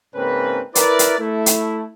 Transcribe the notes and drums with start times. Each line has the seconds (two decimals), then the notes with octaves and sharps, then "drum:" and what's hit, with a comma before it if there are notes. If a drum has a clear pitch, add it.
0.15 G#2 C#3 A#3 C4 C#4 B4
0.75 E4 A#4 B4 D5, drum: hi-hat
0.99 drum: hi-hat
1.19 A3 E4
1.46 drum: hi-hat